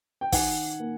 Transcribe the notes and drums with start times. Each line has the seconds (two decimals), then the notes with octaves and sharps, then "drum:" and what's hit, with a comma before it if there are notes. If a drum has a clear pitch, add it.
0.21 G5
0.32 D#3 F#5 G#5, drum: kick, open hi-hat
0.80 A#3